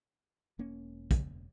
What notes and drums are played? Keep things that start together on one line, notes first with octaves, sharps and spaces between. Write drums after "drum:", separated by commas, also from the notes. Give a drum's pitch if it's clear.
E1 A#3 C#4
drum: kick, hi-hat